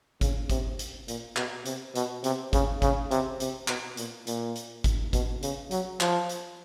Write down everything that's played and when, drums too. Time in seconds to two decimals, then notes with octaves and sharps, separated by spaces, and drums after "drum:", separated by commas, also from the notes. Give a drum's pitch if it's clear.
0.21 C#3, drum: kick G#1, hi-hat
0.50 C3, drum: kick G#1, hi-hat
0.79 drum: hi-hat
1.08 A#2, drum: hi-hat
1.36 B2, drum: clap
1.65 C3, drum: hi-hat
1.95 B2, drum: hi-hat
2.24 C3, drum: hi-hat
2.53 C#3, drum: kick G#1, hi-hat
2.82 C#3, drum: kick G#1, hi-hat
3.11 C3, drum: hi-hat
3.40 C3, drum: hi-hat
3.68 B2, drum: clap
3.97 A#2, drum: hi-hat
4.27 A#2, drum: hi-hat
4.55 drum: hi-hat
4.84 drum: kick G#1, hi-hat
5.13 B2, drum: kick G#1, hi-hat
5.42 C#3, drum: hi-hat
5.71 F#3, drum: hi-hat
6.00 F3, drum: clap
6.29 drum: hi-hat